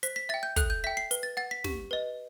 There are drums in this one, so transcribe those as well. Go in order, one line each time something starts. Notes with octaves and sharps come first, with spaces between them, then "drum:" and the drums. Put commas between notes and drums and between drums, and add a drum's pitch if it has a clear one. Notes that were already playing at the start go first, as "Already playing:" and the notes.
C5 B6, drum: hi-hat
B6
E5 G5 A6
G6
A4 F#6, drum: kick, hi-hat
G6
E5 G5 B6
C7
B4, drum: hi-hat
A6
F#5 A6
B6
G4, drum: snare
B4 D#5